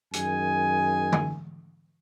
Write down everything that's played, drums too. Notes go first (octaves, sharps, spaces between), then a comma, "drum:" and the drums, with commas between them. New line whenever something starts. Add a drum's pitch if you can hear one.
F#2 D#3 G#4 G#5, drum: hi-hat
drum: tom D3